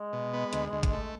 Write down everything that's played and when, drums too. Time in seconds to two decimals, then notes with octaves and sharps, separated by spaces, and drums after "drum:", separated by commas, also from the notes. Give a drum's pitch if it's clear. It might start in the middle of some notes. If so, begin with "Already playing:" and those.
Already playing: G#3
0.13 B2
0.33 B3
0.53 D2, drum: hi-hat
0.73 D2
0.83 drum: kick, hi-hat
0.93 A3